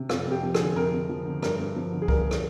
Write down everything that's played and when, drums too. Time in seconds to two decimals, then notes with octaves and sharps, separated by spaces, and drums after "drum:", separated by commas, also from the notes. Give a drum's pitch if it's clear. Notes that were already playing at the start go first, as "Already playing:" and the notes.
Already playing: C3
0.09 F2 F4, drum: rim click
0.27 F2 G4
0.43 F3
0.55 G#4, drum: rim click
0.60 D3
0.76 F2 A#4
0.93 F2
1.09 F3
1.26 D3
1.43 G2 A#4, drum: rim click
1.59 G2
1.76 F3
1.92 D3
2.02 G#4
2.08 G2 A#4, drum: kick C#2
2.31 drum: rim click